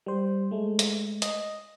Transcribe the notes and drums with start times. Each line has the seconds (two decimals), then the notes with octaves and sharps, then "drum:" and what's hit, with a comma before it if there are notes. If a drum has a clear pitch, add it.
0.06 G3 C5
0.51 G#3 A3
0.79 drum: hi-hat
1.22 D#5, drum: hi-hat